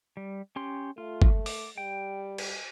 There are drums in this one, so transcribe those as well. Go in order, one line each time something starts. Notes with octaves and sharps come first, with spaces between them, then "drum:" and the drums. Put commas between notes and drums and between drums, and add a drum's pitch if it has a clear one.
G3
C#4 G4 C6
A3 F4
drum: kick G1
D6, drum: open hi-hat
G3 G5
drum: cymbal